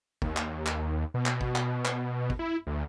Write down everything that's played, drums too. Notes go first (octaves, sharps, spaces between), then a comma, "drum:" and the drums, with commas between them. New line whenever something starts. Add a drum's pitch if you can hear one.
D#2, drum: kick
drum: clap
drum: clap
B2
drum: clap
drum: kick
drum: clap
drum: clap
drum: kick
E4
D2